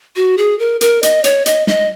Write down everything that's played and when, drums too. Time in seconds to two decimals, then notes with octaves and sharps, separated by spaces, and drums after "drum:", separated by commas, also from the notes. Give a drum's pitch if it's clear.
0.16 F#4
0.38 G#4
0.59 A#4
0.81 A#4, drum: hi-hat
1.03 D#5, drum: hi-hat
1.24 C#5, drum: hi-hat
1.46 D#5, drum: hi-hat
1.67 D#5, drum: snare